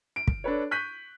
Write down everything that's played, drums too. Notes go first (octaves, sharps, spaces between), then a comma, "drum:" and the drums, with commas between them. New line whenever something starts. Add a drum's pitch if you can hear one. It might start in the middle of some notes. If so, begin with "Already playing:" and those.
D7
drum: kick
D4 A4 B4 C#5
C#6 F#6 G6 B6 D#7